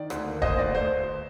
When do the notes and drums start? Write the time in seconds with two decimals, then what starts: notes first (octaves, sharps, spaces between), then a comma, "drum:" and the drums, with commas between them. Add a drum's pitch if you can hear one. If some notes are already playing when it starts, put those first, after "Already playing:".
Already playing: D#3 D5
0.10 D2, drum: rim click
0.27 A#3
0.42 D2 C5 D#5, drum: kick D#1
0.59 D2 D5
0.75 A3 C5